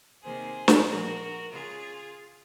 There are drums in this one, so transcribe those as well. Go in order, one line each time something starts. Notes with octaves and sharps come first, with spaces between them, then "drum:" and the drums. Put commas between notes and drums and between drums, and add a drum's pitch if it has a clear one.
C3 D#3 A#3 G#4 C5
drum: snare
A#2 F3 G#3 F#4 A#4
C#3 G#3 F4 G#4